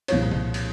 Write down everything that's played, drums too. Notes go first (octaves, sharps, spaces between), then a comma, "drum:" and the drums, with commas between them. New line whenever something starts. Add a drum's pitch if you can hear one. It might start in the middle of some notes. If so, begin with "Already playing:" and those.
C2 A#2 F3 G#3 C#5, drum: cymbal
drum: tom B2
drum: cymbal